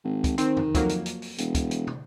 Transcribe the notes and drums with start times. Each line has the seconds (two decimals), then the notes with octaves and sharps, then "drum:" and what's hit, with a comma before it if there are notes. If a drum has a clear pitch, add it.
0.04 G#1
0.24 drum: kick, hi-hat
0.38 D#3 C4, drum: hi-hat
0.57 drum: tom E2
0.75 F2 F#3 A#3, drum: kick, hi-hat
0.89 drum: hi-hat
1.06 drum: hi-hat
1.22 drum: open hi-hat
1.38 E1, drum: hi-hat
1.55 drum: kick, hi-hat
1.71 drum: hi-hat
1.87 drum: tom